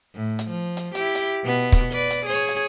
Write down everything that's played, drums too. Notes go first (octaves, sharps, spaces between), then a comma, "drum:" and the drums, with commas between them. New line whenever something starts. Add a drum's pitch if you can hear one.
A2
drum: hi-hat
F3
drum: hi-hat
E4 G4, drum: hi-hat
drum: hi-hat
B2 B3
drum: kick, hi-hat
B4 D5
drum: hi-hat
G#4 C#5
drum: hi-hat